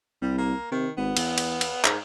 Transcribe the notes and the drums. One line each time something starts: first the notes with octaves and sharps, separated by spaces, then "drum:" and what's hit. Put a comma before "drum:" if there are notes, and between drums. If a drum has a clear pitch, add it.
C2 G3
A#3
C3 D#3
G#1 B3
E2, drum: cymbal
drum: cymbal
drum: cymbal
G#2, drum: clap